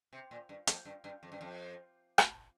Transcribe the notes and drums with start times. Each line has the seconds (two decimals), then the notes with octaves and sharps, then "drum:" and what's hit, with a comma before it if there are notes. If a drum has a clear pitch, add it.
0.13 C3
0.31 A#2
0.49 G2
0.67 F2, drum: hi-hat
0.85 G2
1.04 G2
1.23 F2
1.32 G2
1.41 F2
2.18 drum: rim click